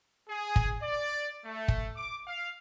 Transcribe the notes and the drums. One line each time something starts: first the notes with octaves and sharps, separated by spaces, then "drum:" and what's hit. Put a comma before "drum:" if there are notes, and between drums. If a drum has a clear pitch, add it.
G#4
drum: kick
D5
A3
drum: kick
D6
F5